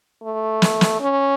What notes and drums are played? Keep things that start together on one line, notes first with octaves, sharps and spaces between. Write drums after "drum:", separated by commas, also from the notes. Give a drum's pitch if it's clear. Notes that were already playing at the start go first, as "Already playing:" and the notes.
A3
drum: snare
drum: snare
C#4